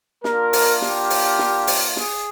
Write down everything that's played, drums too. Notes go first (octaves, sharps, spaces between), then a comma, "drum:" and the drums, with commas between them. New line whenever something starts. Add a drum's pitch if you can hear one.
A#3 D4 F4 A#4, drum: snare
drum: open hi-hat
G4, drum: snare
drum: open hi-hat
drum: snare
drum: open hi-hat
G#4, drum: snare